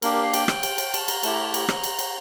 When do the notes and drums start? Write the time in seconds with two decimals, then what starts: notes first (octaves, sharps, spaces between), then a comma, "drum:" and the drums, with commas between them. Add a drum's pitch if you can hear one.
0.02 A#3 D4 G4 A#4, drum: cymbal
0.13 A#4
0.23 F5
0.34 G5, drum: cymbal
0.48 drum: rim click
0.63 drum: cymbal
0.78 drum: cymbal
0.94 A5, drum: cymbal
1.08 A#5, drum: cymbal
1.23 A3 E4 G4 A5, drum: cymbal
1.33 A#5
1.43 A5
1.54 A#5, drum: cymbal
1.68 drum: rim click
1.84 drum: cymbal
1.99 drum: cymbal